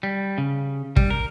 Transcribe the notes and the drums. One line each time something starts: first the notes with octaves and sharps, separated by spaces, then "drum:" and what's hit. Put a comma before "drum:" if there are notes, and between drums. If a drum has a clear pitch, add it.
G3
C#3
G3, drum: kick
A#4